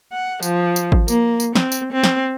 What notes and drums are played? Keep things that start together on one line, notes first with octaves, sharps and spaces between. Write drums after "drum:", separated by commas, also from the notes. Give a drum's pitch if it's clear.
F#5
F3, drum: tambourine
drum: tambourine
drum: kick G#1
A#3, drum: tambourine
drum: tambourine
C4, drum: snare
drum: tambourine
C4
drum: snare